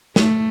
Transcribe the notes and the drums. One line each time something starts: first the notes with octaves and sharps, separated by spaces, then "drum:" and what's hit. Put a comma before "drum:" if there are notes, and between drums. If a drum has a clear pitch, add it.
A3, drum: snare